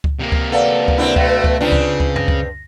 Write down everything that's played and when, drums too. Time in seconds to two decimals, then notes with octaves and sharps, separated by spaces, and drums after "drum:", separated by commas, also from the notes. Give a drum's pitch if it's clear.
0.04 drum: kick C#2
0.19 C3 A#3
0.32 drum: kick C#2
0.52 A4 B4 D5 F5 F#5
0.88 drum: kick C#2
0.98 C4 D4 E4 F#5
1.16 B2 A3 F5 A#6, drum: kick C#2
1.44 drum: kick C#2
1.61 C#3 C4 D4 F4, drum: tom C#3
1.72 drum: kick C#2
2.00 drum: kick C#2
2.16 A#6, drum: tom F#2
2.28 drum: kick C#2